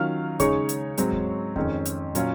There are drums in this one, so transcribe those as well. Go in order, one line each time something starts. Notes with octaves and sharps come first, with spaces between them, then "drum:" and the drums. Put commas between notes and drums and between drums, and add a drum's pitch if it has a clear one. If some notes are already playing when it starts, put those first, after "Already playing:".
Already playing: D#3 F#3 C#4 F4 F5 F6
C#3 G#3 D#4 C#5 C#6, drum: kick D#2, hi-hat
drum: hi-hat
G#2 F#3 C4, drum: hi-hat
drum: kick D#2
F2 D#3 G#3 C#4, drum: kick D#2
drum: hi-hat
A#2 F#3 C#4 F4, drum: hi-hat